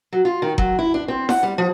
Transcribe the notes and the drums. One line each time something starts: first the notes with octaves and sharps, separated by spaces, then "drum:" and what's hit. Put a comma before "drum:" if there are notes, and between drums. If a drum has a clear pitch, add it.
F#3
F4
D#3
F#3, drum: kick F#1
E4
D4
C4
F#5, drum: snare E4
G3
F3